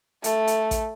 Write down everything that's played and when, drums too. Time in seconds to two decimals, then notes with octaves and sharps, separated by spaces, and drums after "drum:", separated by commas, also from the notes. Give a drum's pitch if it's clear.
0.24 A3, drum: hi-hat
0.47 drum: hi-hat
0.71 drum: kick A1, hi-hat